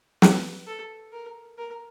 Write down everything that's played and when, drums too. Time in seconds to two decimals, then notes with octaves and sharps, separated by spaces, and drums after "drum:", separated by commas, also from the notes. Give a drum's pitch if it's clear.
0.22 B4, drum: snare
0.67 A4
1.13 A#4
1.58 A#4